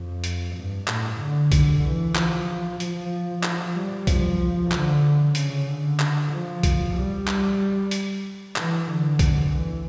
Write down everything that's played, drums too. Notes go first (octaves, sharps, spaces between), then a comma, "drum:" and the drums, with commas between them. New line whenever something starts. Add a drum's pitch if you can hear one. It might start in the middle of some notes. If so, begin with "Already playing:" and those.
Already playing: F2
drum: hi-hat
G2
A2, drum: clap
D3
drum: kick, hi-hat
E3
F3, drum: clap
F3, drum: hi-hat
F3, drum: clap
G3
F3, drum: kick, hi-hat
D3, drum: clap
C#3, drum: hi-hat
D3
drum: clap
F3
drum: kick, hi-hat
G3
drum: clap
drum: hi-hat
E3, drum: clap
D3
drum: kick, hi-hat
E3